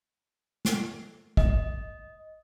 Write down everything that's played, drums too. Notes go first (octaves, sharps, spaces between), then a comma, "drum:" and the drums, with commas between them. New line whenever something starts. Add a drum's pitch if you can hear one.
drum: snare
D#5, drum: kick